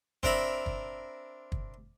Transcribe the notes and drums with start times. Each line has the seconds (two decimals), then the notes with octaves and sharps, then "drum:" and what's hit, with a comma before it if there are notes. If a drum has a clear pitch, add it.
0.23 C4 D4 A#4 E5 A#5 B5, drum: kick
0.66 drum: kick
1.52 drum: kick